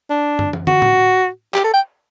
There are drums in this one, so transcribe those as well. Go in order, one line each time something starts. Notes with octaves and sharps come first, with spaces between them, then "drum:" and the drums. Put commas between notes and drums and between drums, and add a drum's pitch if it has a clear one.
D4
drum: tom
drum: tom
F#4, drum: tom
drum: tom A2
G4, drum: clap
A4
G5